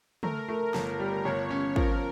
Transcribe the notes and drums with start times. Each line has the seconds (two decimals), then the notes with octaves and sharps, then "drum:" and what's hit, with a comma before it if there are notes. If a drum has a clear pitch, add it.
0.23 A3 A#4, drum: tom
0.48 A3
0.74 G1, drum: snare
1.00 G3
1.25 G1 C#5
1.50 C#4
1.76 F3 A#4, drum: kick